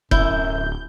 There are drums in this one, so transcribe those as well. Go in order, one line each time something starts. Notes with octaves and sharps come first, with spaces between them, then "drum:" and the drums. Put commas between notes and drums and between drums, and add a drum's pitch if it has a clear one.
D1 F#2 E4 G6, drum: kick F1